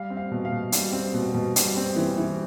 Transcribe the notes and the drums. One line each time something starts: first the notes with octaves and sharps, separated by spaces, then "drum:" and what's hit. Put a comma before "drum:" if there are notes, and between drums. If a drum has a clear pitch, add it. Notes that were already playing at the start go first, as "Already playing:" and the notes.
Already playing: G3 F5
C4
F5
B2
F5
B2
G3, drum: hi-hat
C4
B2
B2
G3, drum: hi-hat
C4
E3
E3